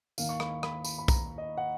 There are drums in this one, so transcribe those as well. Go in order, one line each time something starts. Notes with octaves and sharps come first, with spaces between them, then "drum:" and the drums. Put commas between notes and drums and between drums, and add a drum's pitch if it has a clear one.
D#2 D#3 A#3 F5, drum: tambourine
C#6
B5, drum: rim click
B5, drum: rim click
B5, drum: tambourine
B5
A#5, drum: kick, tambourine
D#5
F#5